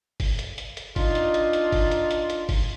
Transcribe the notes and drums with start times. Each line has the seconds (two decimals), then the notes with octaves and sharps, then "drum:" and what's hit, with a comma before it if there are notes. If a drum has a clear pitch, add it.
0.20 drum: kick G1, open hi-hat
0.39 drum: hi-hat
0.58 drum: hi-hat
0.77 drum: hi-hat
0.96 D4 D#4 F4, drum: kick G1, open hi-hat
1.15 drum: hi-hat
1.34 drum: hi-hat
1.53 drum: hi-hat
1.72 drum: kick G1, open hi-hat
1.91 drum: hi-hat
2.11 drum: hi-hat
2.30 drum: hi-hat
2.49 drum: kick G1, open hi-hat